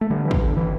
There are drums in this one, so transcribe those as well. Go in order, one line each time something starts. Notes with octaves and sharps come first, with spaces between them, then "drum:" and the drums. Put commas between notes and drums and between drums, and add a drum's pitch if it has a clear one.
A3
D3 G3
E3
G1, drum: kick
D3
G1
E3